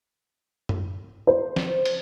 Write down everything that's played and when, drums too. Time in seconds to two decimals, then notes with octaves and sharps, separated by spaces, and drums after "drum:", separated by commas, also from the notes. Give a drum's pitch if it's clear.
0.69 drum: tom F#2
1.27 C5
1.56 drum: snare
1.85 drum: cymbal